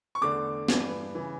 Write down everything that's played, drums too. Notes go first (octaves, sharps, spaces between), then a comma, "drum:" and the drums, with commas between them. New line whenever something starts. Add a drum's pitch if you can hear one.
C#6
E2 D3 A3 D4 D6
G2 E3 B3 D4, drum: snare
C#3 E3